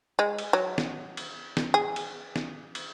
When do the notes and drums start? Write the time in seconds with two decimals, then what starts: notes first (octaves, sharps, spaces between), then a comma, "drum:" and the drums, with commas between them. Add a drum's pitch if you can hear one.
0.19 G#3
0.39 drum: cymbal
0.53 F#3
0.78 drum: snare
1.17 drum: cymbal
1.57 drum: snare
1.74 G#4
1.96 drum: cymbal
2.36 drum: snare
2.75 drum: cymbal